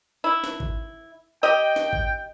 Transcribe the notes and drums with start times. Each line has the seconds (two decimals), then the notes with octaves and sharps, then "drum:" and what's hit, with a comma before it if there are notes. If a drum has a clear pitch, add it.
0.24 E4
0.44 drum: snare
0.60 drum: kick
1.43 G4 D#5 G5
1.76 drum: snare
1.93 drum: kick